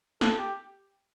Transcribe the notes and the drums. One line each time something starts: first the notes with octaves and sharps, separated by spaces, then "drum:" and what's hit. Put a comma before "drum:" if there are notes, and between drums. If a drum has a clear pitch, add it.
A4, drum: snare
G4